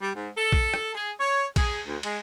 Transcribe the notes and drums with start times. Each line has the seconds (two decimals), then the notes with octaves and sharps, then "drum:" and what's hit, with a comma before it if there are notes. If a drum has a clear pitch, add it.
0.01 G3
0.15 G#2
0.36 A4
0.52 drum: kick A#1
0.74 drum: rim click
0.95 G#4
1.19 C#5
1.56 G#4, drum: kick A#1, cymbal
1.85 D2
2.03 G#3, drum: cymbal